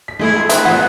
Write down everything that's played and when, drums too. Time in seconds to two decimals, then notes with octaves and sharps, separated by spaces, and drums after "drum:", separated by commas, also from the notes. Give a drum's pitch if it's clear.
0.08 B6
0.19 D#3 G#3 A3 E4 G#4
0.36 F4
0.49 C4 G#4 B4 E5, drum: hi-hat
0.65 A2 C3 F3 G3 F#5